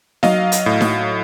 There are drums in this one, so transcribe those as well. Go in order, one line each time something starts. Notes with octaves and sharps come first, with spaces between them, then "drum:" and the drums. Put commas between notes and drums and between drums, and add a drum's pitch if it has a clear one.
F#3 D#5 F5, drum: snare D#4
drum: hi-hat
A2
drum: snare D#4